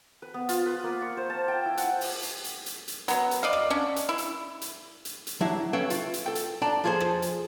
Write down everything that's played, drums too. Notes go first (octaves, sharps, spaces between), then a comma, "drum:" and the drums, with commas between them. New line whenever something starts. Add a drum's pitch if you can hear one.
B4
B3
F4, drum: hi-hat
B4
A#3
C#6
C5
A5
G5
E4
F#5, drum: hi-hat
drum: open hi-hat
drum: hi-hat
drum: hi-hat
drum: hi-hat
drum: hi-hat
F#3 B3, drum: hi-hat
drum: hi-hat
D5 D#5 F5
drum: rim click
C#4 D4
drum: hi-hat
E4
drum: hi-hat
drum: hi-hat
drum: hi-hat
drum: hi-hat
F#3 D4 E4
C#4 A4 B4 E5 F5 G5
F4, drum: hi-hat
drum: hi-hat
A4 G5
drum: hi-hat
D4 D5 G5 A5 A#5
F3 F4 G#4 A4 C5
drum: rim click
drum: hi-hat